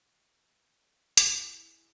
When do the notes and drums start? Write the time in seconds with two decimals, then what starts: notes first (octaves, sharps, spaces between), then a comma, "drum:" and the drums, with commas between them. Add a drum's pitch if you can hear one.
1.17 E4 G#4, drum: hi-hat